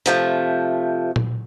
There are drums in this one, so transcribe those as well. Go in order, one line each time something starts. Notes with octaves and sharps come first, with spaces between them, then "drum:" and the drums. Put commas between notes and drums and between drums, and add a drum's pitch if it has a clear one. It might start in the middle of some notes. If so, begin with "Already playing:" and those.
C3 F3 A3, drum: hi-hat
drum: tom A#2